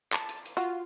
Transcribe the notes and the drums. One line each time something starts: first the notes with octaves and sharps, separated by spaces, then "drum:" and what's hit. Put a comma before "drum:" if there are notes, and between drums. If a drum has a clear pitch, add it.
A5, drum: clap
drum: hi-hat
drum: hi-hat
F4 F#4